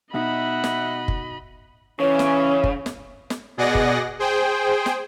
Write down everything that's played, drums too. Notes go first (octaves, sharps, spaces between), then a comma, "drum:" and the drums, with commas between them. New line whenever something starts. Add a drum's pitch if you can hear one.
B2 D#4 D#5 E5 F#5 B5
drum: snare
drum: kick
C#3 E3 C#4 C#5
drum: snare
drum: kick
drum: snare
drum: snare
B2 G#4 D5 D#5 F#5 A#6
drum: kick
G#4 C5 G5
drum: snare